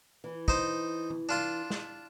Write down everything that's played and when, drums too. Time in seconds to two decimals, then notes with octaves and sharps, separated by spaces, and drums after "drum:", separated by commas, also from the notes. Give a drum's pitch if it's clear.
0.24 E3
0.48 D#4 C5, drum: kick
1.10 drum: tom E3
1.29 D4 F4 C6
1.70 drum: snare